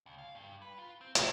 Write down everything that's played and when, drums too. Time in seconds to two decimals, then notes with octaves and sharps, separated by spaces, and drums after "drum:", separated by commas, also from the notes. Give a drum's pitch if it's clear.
0.06 C#2
0.18 F5
0.35 G2
0.62 B4
0.78 F4
1.01 C4
1.15 C#3, drum: hi-hat